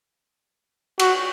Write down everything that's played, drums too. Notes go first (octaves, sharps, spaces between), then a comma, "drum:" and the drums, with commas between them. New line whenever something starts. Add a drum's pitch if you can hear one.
F#4, drum: cymbal